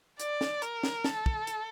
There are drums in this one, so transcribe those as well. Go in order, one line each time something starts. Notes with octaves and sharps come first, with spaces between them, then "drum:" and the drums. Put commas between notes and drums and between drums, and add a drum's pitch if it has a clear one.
D5, drum: hi-hat
drum: snare
A#4, drum: hi-hat
drum: snare
A4, drum: snare
drum: kick
drum: hi-hat